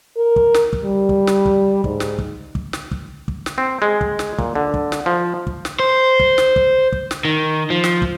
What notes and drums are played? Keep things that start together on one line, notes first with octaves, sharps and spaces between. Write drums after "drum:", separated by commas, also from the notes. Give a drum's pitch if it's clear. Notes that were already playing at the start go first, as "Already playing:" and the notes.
A#4
drum: kick
drum: snare
drum: kick
G3
drum: kick
drum: snare
drum: kick
G#2, drum: kick
drum: snare
drum: kick
drum: kick
drum: snare
drum: kick
drum: kick
drum: snare
C4
G#3
drum: kick
drum: snare
A#2, drum: kick
D3
drum: kick
drum: snare
F3
drum: kick
drum: snare
C5
drum: kick
drum: snare
drum: kick
drum: kick
drum: snare
D#3
F3
drum: snare
drum: kick